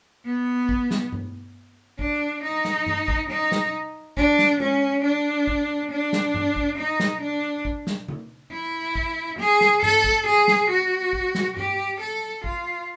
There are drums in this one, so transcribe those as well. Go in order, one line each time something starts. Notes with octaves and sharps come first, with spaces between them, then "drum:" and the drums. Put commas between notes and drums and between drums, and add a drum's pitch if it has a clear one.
B3
drum: kick
drum: snare
drum: tom G2
D4, drum: kick
D#4
drum: snare
drum: tom G2
drum: kick
D#4
drum: snare
D4, drum: kick
drum: snare
C#4, drum: tom G#3
D4
drum: kick
D4
drum: snare
drum: tom G2
drum: kick
D#4
drum: snare
D4
drum: kick
drum: snare
drum: tom C#3
E4
drum: kick
G#4
drum: snare
A4, drum: tom G2
drum: kick
G#4
drum: snare
F#4
drum: kick
drum: snare
G4, drum: tom G2
A4
F4, drum: kick